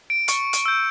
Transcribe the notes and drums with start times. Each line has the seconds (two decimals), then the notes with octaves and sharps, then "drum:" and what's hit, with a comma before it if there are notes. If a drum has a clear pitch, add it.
0.10 D7
0.28 C#6 C#7, drum: hi-hat
0.53 drum: hi-hat
0.66 E6 G6